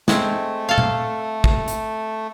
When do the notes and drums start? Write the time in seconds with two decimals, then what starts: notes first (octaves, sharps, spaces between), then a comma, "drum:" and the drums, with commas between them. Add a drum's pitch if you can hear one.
0.08 G#3 A3 C4, drum: snare
0.69 A4 F5
0.78 drum: tom A#2
1.44 drum: kick
1.68 drum: hi-hat